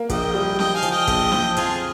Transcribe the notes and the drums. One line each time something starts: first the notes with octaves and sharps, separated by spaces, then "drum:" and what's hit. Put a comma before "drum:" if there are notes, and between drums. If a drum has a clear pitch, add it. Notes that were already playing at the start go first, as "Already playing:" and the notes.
Already playing: A#3
A#1 D#5 G5, drum: kick, hi-hat
G3
F3 D#5 G5, drum: snare
F5 G#5
F3, drum: hi-hat
D#5 G5
A#1, drum: kick, hi-hat
F3, drum: snare
F2 F4 G#4, drum: hi-hat